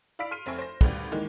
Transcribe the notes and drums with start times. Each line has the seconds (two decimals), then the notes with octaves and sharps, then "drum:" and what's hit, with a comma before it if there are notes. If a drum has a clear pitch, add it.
0.19 D5 F5 B5 E6 B6 D7
0.31 C6 F6 C7 D7 D#7
0.46 F1 C4 E5 G#5 C#6
0.59 C5 A#6
0.81 G#1 D2 G3 G4 B4, drum: kick
1.12 D#3 E3 G#3 A#3